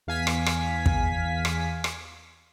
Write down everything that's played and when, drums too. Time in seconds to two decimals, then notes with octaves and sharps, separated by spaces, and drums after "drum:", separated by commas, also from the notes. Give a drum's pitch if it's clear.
0.07 E2 F5 G#5 B6
0.27 drum: rim click
0.46 drum: rim click
0.86 drum: kick
1.45 drum: rim click
1.84 drum: rim click